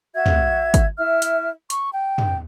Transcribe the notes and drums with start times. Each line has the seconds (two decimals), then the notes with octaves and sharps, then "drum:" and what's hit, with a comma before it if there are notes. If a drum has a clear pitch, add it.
0.15 F#4 E5 G#6
0.26 drum: tom
0.74 drum: kick, hi-hat
0.97 E4 E5 F6
1.22 drum: hi-hat
1.70 C#6, drum: hi-hat
1.93 G5
2.18 drum: tom